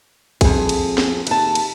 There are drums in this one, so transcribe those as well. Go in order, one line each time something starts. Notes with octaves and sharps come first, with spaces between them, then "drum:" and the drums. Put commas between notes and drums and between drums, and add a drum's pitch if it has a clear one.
F2 G#4, drum: kick, cymbal
drum: cymbal
drum: snare
D#2 A5, drum: cymbal
drum: cymbal